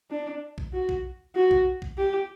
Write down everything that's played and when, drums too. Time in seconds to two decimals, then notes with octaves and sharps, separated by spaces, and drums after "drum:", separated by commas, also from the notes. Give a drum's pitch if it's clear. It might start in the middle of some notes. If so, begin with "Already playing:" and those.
0.11 D4
0.58 drum: kick
0.73 F#4
0.89 drum: kick
1.35 F#4
1.51 drum: kick
1.82 drum: kick
1.98 G4